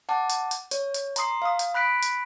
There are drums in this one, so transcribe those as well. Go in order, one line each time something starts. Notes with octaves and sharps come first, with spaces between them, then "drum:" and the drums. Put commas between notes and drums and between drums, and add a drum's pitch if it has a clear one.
F#5 A5 D6
drum: hi-hat
drum: hi-hat
C#5, drum: hi-hat
drum: hi-hat
A#5 C6 D#6 C7, drum: hi-hat
F5 D#6
drum: hi-hat
B5 F#6 B6 D7
drum: hi-hat